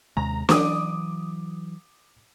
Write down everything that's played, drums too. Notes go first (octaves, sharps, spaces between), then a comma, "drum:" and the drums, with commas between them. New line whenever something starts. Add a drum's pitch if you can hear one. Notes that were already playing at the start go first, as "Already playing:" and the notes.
D#2 C3 G#3 A#5
E3 F#3 D6 D#6, drum: snare